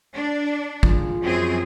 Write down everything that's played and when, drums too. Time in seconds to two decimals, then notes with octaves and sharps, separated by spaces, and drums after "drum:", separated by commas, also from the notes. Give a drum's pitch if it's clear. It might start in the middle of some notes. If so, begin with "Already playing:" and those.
0.14 D4
0.83 F3 G#3, drum: kick
1.22 F#2 C4 G#4